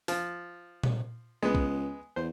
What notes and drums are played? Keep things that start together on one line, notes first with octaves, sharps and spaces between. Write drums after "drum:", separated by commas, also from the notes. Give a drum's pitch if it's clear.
F3, drum: open hi-hat
drum: tom A#2
C#2 G#3 B3
drum: kick B1
E2 C5